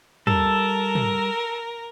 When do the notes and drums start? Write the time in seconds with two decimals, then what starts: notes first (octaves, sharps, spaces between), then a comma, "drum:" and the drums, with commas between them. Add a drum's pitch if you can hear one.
0.27 G3 A4 A#4, drum: tom
0.95 drum: tom